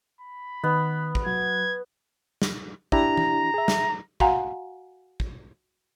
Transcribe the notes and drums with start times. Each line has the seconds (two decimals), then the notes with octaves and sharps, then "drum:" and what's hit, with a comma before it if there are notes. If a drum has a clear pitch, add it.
0.21 B5
0.64 D#3 B3
1.15 drum: kick
1.26 F#3 G#6
2.42 drum: snare
2.92 D4 E4 G4 A#5, drum: kick
3.17 drum: tom E3
3.54 G#4 E5
3.68 drum: snare
4.20 F#4 F5 F#5 G#5 A#5, drum: kick
5.20 drum: kick